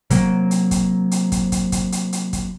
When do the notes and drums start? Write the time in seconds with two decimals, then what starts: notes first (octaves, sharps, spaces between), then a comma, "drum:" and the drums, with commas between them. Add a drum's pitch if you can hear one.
0.10 C3 F#3 A#3, drum: kick, hi-hat
0.51 drum: hi-hat
0.71 drum: kick, hi-hat
1.11 drum: hi-hat
1.32 drum: kick, hi-hat
1.52 drum: kick, hi-hat
1.72 drum: kick, hi-hat
1.92 drum: hi-hat
2.13 drum: hi-hat
2.33 drum: kick, hi-hat